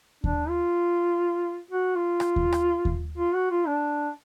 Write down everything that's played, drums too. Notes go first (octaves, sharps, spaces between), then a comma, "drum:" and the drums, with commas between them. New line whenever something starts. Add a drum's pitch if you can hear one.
D4, drum: kick D#2
F4
F#4
F4
drum: rim click
drum: kick D#2
drum: rim click
drum: kick D#2
F4
F#4
F4
D4